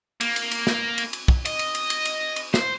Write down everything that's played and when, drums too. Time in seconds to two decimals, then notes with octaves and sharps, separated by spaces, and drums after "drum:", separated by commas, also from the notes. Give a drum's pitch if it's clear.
0.21 A#3, drum: cymbal
0.36 drum: cymbal
0.51 drum: cymbal
0.67 drum: snare
0.98 drum: cymbal
1.13 drum: cymbal
1.28 drum: kick
1.45 D#5, drum: cymbal
1.59 drum: cymbal
1.75 drum: cymbal
1.90 drum: cymbal
2.05 drum: cymbal
2.36 drum: cymbal
2.54 C5, drum: snare